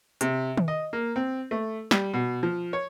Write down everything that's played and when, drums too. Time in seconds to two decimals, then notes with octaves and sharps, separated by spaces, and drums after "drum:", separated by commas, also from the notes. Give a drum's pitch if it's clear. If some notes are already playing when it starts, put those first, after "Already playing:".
0.21 C3, drum: hi-hat
0.57 drum: tom D#3
0.68 D#5
0.93 A#3
1.16 C4
1.51 A3
1.91 G3, drum: snare
2.14 B2
2.43 F3
2.73 C#5